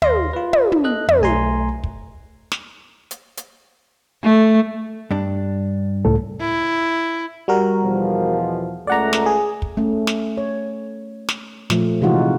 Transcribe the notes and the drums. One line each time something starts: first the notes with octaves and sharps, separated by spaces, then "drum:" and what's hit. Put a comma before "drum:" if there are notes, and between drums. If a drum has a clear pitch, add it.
D#2 F5 C6 A#6, drum: tom
F4 B4
drum: tom
drum: tom
A4 D#5 F#6
F2, drum: tom
B1 A3 G#5 A#5 C6
drum: kick
drum: snare
drum: hi-hat
drum: hi-hat
A3
G2 D4
C#2 A2 A4
E4
G3 F#4 A#4
E2 B2 F3
C#2 A3 D5 F#5 A#5
drum: snare
G#4
drum: kick
A3 C#4
drum: snare
C#5
drum: snare
A#2 F3 A3, drum: snare
C3 E3 G#3 D#4 F4 F#4